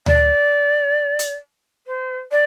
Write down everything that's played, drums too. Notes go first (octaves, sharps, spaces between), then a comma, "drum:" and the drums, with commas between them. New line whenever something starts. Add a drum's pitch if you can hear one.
D5, drum: tom D2
drum: hi-hat
C5
D5